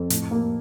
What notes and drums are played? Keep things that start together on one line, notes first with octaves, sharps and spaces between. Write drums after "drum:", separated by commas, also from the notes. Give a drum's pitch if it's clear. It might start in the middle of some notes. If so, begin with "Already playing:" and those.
Already playing: F2 A4
A2, drum: hi-hat
A#3